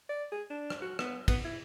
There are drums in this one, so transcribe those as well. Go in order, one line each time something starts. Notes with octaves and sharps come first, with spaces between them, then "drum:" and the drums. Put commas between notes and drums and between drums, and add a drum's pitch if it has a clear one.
D5
G#4
D4
drum: rim click
F#4
B3, drum: rim click
B3, drum: kick, cymbal
E4